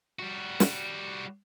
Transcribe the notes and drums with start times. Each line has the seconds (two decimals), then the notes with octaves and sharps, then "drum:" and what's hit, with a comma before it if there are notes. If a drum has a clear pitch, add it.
0.19 G3 F#4
0.60 drum: snare